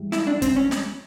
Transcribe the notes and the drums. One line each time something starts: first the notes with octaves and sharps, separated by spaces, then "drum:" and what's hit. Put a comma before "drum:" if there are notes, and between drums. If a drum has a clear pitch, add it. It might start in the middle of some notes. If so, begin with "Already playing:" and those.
Already playing: G#2 E3 G3
E4, drum: snare
D4
C4, drum: kick, hi-hat
C#4
drum: snare